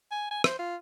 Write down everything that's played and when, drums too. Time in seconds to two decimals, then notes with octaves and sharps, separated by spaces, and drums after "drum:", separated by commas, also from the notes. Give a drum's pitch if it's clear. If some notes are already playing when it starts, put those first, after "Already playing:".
0.11 G#5
0.31 G#5
0.44 C5, drum: rim click
0.59 F4